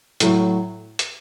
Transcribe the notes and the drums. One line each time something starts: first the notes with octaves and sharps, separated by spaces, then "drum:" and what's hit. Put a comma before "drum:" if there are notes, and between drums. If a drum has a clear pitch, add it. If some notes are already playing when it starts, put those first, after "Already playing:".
A2 F#3, drum: hi-hat
drum: hi-hat